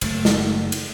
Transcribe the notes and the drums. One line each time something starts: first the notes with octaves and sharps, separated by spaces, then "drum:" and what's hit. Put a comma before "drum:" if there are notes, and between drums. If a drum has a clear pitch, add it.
F#1 A3, drum: cymbal
drum: snare
drum: cymbal